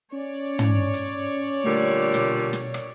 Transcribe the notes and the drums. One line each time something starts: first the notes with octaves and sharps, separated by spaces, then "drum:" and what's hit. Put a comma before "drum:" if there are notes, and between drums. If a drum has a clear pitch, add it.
C#4 C#5 D5
drum: tom
drum: hi-hat
A#2 D3 G3 A3
B2, drum: snare
drum: snare
drum: rim click